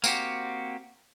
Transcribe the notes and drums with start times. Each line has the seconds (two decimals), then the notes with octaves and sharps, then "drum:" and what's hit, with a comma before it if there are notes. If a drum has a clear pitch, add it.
0.04 A#3 C4 F#4 G4, drum: tambourine